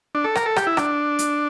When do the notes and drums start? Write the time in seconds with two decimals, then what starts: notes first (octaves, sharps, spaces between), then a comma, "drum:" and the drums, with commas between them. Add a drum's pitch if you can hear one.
0.15 D4
0.24 A4
0.35 A#4, drum: rim click
0.46 A4
0.56 G4, drum: rim click
0.67 E4
0.77 D4, drum: rim click
1.19 drum: hi-hat